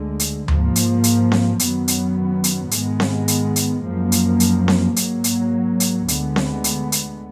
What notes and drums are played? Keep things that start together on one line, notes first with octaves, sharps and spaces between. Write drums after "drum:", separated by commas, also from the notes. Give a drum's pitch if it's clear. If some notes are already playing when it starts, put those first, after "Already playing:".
Already playing: D2 D3 G#3
drum: hi-hat
G#2 F3 A#3, drum: tom D2
drum: hi-hat
drum: hi-hat
drum: snare C4
F#2 D#3 F#3 B3, drum: hi-hat
drum: hi-hat
drum: hi-hat
G#2 D#3 G#3 B3, drum: hi-hat
drum: snare C4
drum: hi-hat
drum: hi-hat
F#2 F3 A#3
drum: hi-hat
drum: hi-hat
drum: snare C4
G#2 F#3 A#3, drum: hi-hat
drum: hi-hat
drum: hi-hat
D2 D3 G#3 B3, drum: hi-hat
drum: snare C4
drum: hi-hat
drum: hi-hat